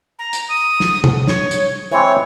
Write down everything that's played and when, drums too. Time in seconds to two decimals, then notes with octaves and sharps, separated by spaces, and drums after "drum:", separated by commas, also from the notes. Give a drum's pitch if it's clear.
0.19 A#5
0.33 drum: hi-hat
0.49 D#6
0.80 drum: snare
1.04 drum: tom C3
1.27 C#5, drum: snare
1.51 drum: hi-hat
1.91 E3 G#3 C4 C#5